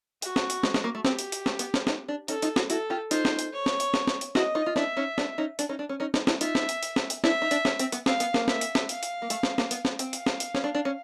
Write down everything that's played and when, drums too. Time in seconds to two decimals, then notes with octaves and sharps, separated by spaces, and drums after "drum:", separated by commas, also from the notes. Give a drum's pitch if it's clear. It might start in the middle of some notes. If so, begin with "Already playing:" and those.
0.22 F#4, drum: hi-hat
0.36 drum: snare
0.50 drum: hi-hat
0.63 G#3, drum: snare
0.74 G#3, drum: snare
0.84 A#3
0.95 A3
1.05 C4 G4, drum: snare
1.19 drum: hi-hat
1.32 drum: hi-hat
1.46 A3, drum: snare
1.59 B3, drum: hi-hat
1.74 C#4, drum: snare
1.87 C#4 D#4, drum: snare
2.08 D4
2.28 C#4 D#4 A4, drum: hi-hat
2.42 D#4 F4, drum: hi-hat
2.56 E4 F#4, drum: snare
2.70 E4 F#4 A4, drum: hi-hat
2.90 F4 G4
3.11 D#4 F4 C5, drum: hi-hat
3.25 drum: snare
3.39 drum: hi-hat
3.52 C#5
3.66 drum: snare
3.80 drum: hi-hat
3.94 drum: snare
4.07 drum: snare
4.21 drum: hi-hat
4.35 E4 F#4 D#5, drum: snare
4.55 D#4 F4
4.66 F4
4.76 D4 E4 E5, drum: snare
4.97 C#4 D#4
5.18 D4, drum: snare
5.38 C#4 D#4
5.59 D4, drum: hi-hat
5.69 C#4 D#4
5.79 D4
5.89 C#4
6.00 C#4 D#4
6.14 C#4 D#4, drum: snare
6.27 D4 E4, drum: snare
6.41 D#4 F4 E5, drum: hi-hat
6.55 drum: snare
6.69 drum: hi-hat
6.83 drum: hi-hat
6.96 drum: snare
7.10 drum: hi-hat
7.24 D4 E4 E5, drum: snare
7.42 D#4
7.51 D4, drum: hi-hat
7.65 C#4, drum: snare
7.79 C4, drum: hi-hat
7.92 B3, drum: hi-hat
8.06 C4 F5, drum: snare
8.20 B3, drum: hi-hat
8.34 A#3, drum: snare
8.48 E5, drum: snare
8.61 drum: hi-hat
8.75 drum: snare
8.89 F5, drum: hi-hat
9.03 drum: hi-hat
9.22 A#3
9.30 A3, drum: hi-hat
9.43 A3, drum: snare
9.58 A#3, drum: snare
9.71 B3, drum: hi-hat
9.85 B3, drum: snare
9.99 C4, drum: hi-hat
10.13 F5, drum: hi-hat
10.26 drum: snare
10.40 drum: hi-hat
10.55 C#4, drum: snare
10.64 D4
10.75 D4
10.85 C#4